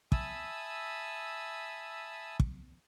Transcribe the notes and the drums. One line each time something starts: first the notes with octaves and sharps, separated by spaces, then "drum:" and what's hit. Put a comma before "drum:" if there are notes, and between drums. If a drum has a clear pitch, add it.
E5 G#5 A5 B5 D#6 E6, drum: kick
drum: kick